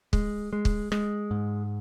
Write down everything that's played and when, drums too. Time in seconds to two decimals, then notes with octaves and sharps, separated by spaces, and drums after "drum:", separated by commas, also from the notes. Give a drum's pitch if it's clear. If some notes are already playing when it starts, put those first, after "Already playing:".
0.13 G#3, drum: kick
0.53 G#3
0.65 drum: kick
0.92 G#3, drum: rim click
1.31 G#2